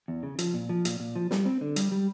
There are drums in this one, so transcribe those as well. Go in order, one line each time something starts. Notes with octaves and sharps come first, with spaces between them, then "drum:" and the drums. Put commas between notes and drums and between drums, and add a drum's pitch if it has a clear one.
E2
C#3
F3, drum: hi-hat
A#2
F3
A#2, drum: hi-hat
A#2
F3
G3, drum: snare
C4
D3
G3, drum: hi-hat
G3